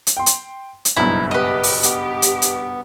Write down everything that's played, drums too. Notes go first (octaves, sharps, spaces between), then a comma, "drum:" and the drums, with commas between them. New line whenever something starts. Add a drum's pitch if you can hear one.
drum: hi-hat
G5 C6
drum: hi-hat
drum: hi-hat
F#1 B1 G2 D#4 E4
B3 G4 B4 D#5
drum: open hi-hat
B3 G4, drum: hi-hat
drum: hi-hat
drum: hi-hat